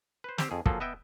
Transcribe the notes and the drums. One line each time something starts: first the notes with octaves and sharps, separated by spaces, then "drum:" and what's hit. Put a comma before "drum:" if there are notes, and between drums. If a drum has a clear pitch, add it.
B4 C5
C4 G4 C5, drum: snare
F2 G#4
F3 F#3 A#3 G#4 A4, drum: kick
B3 D#5 E5 G5